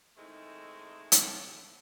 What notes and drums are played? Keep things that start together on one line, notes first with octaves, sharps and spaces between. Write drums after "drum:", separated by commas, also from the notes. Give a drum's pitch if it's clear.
D#3 G#3 A3 C4 D#4 E4
drum: hi-hat